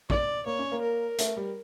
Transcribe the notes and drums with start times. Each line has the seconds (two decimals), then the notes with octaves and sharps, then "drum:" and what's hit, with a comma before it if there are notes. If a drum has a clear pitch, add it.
0.10 D5, drum: kick
0.46 A#3 C#5
0.59 C#4
0.72 A#3
0.82 A#4
1.18 A3, drum: hi-hat
1.36 G3